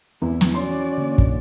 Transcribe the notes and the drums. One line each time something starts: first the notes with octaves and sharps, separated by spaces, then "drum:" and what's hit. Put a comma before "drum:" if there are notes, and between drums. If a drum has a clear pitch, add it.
E2 E3 E4
drum: snare
C#4 F#4 D5 C6
D3 A#3
drum: kick